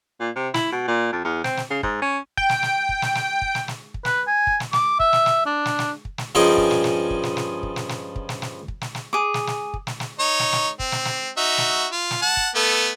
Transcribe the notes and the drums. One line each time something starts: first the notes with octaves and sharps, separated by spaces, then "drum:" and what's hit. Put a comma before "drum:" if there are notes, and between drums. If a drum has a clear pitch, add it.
A#2
C3
E4, drum: snare
B2
A#2
F2
E2
C4, drum: snare
drum: snare
C#3
G#2, drum: kick
C#4
G5, drum: kick
drum: snare
drum: snare
drum: kick
drum: snare
drum: snare
drum: kick
drum: snare
drum: snare
drum: kick
B4, drum: snare
G#5
drum: kick
drum: snare
D6, drum: snare
E5, drum: kick
drum: snare
drum: snare
D4
drum: snare
drum: snare
drum: kick
drum: snare
G2 F3 C#4 D#4 G#4 G5
drum: kick
drum: snare
drum: snare
drum: kick
drum: snare
drum: snare
drum: kick
drum: snare
drum: snare
drum: kick
drum: snare
drum: snare
drum: kick
drum: snare
drum: snare
G#4 D6
drum: snare
drum: snare
drum: kick
drum: snare
drum: snare
D#4 C#5
drum: snare
drum: snare
C4, drum: kick
drum: snare
drum: snare
D#4 F#4 E5
drum: snare
F4
drum: snare
F#5 A5
drum: kick
A3 B3 A4